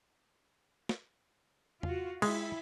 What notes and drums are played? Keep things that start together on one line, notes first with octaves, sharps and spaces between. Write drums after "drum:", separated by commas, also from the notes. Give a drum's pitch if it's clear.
drum: snare
F4 F#4, drum: tom E2
G#3 E4, drum: cymbal